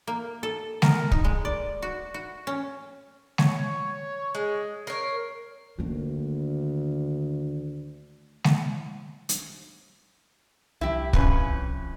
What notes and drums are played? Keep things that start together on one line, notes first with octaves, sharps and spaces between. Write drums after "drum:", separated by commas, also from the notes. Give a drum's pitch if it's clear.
A#3
A4
A#4, drum: snare G#3
D#4, drum: kick
G#3
D5
F#4
F#4
C#4
C#5, drum: snare G#3
G#3
A#4 C#5 C7
D2 D#3 A#3
drum: snare G#3
drum: hi-hat
C2 F3 E4 G4
F2 C#4 B4, drum: kick